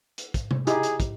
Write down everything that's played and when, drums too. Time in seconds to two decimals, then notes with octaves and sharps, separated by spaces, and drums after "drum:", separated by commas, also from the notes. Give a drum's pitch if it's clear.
0.18 drum: hi-hat
0.34 drum: kick, hi-hat
0.51 drum: tom C3
0.67 D#4 E4 G4 G#4, drum: hi-hat
0.83 drum: hi-hat
1.00 drum: kick, hi-hat